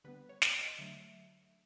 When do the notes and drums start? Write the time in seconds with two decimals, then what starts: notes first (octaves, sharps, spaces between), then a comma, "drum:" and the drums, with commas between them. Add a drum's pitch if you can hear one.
0.04 D3 G3 B3 B4
0.29 C#5
0.42 drum: snare
0.60 D#5
0.79 D3 F#3 A3 E5